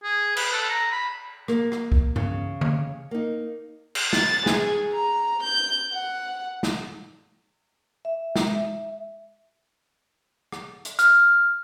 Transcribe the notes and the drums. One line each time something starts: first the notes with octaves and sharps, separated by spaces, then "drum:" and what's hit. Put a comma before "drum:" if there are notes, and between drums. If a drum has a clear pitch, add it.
G#4
B4, drum: cymbal
A4
A#5
B5
A#3, drum: rim click
drum: rim click
drum: kick
C#3, drum: tom G2
drum: tom D3
A#3 D#4
drum: cymbal
A6, drum: snare
G#4, drum: snare
A#5
G6
F#5
drum: snare
E5
G#3, drum: snare
E5
drum: rim click
drum: hi-hat
F6, drum: hi-hat